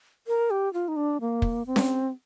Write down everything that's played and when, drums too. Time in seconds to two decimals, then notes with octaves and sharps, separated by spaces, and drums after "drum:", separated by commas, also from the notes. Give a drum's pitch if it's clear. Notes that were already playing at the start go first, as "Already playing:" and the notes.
0.27 A#4
0.51 G4
0.74 F4
0.88 D#4
0.96 D4
1.21 A#3
1.42 drum: kick
1.67 C4
1.76 drum: snare C#4